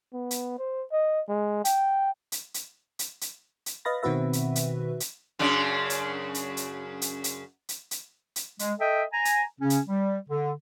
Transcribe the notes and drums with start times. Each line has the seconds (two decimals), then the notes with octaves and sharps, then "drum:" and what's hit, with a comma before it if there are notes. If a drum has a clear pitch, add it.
0.13 B3
0.31 drum: hi-hat
0.58 C5
0.92 D#5
1.29 G#3
1.65 G5, drum: hi-hat
2.32 drum: hi-hat
2.54 drum: hi-hat
2.99 drum: hi-hat
3.21 drum: hi-hat
3.66 drum: hi-hat
3.85 B4 D#5 F5 B5 A6 A#6
4.03 B2 D#3 C4 F#4 B4 E5
4.33 drum: hi-hat
4.56 drum: hi-hat
5.00 drum: hi-hat
5.39 F#2 C#3 D4
5.90 drum: hi-hat
6.34 drum: hi-hat
6.57 drum: hi-hat
7.02 drum: hi-hat
7.24 drum: hi-hat
7.69 drum: hi-hat
7.91 drum: hi-hat
8.36 drum: hi-hat
8.59 G#3, drum: hi-hat
8.79 A4 D#5 E5 G5
9.12 G#5 A#5
9.25 drum: hi-hat
9.60 C#3 C#4
9.70 drum: hi-hat
9.87 G3
10.28 D3